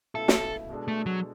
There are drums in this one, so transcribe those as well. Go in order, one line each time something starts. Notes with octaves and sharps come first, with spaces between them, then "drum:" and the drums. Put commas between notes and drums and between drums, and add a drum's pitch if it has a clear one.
C#2 B2 A3 E4 A4
drum: snare
B2 G#3 D4 A4
A3
F#3